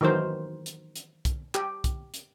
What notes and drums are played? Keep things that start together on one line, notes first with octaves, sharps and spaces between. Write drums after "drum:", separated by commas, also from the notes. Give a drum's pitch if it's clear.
D#3 E3 F#3 A#4 C5
drum: hi-hat
drum: hi-hat
drum: kick B1, hi-hat
G4, drum: clap
drum: kick B1, hi-hat
drum: hi-hat